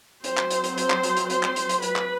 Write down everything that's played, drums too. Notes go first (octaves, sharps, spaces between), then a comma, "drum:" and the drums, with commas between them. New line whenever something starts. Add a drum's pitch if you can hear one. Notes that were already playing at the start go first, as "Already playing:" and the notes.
F#3 C4 C5 C6, drum: hi-hat
drum: clap
drum: hi-hat
drum: hi-hat
C5 C6, drum: hi-hat
drum: clap
drum: hi-hat
drum: hi-hat
C5 C6, drum: hi-hat
drum: clap
drum: hi-hat
drum: hi-hat
B4 B5, drum: hi-hat
drum: clap